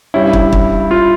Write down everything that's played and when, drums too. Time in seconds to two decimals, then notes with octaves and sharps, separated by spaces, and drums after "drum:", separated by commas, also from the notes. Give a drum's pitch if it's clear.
0.14 G2 G3 C#4 E4
0.33 drum: kick
0.53 drum: kick
0.91 F4